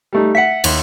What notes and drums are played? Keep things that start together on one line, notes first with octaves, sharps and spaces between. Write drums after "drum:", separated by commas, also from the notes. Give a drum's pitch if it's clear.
G3 A3 D#4
E5 F#5 B6 C#7
D#2 C6, drum: cymbal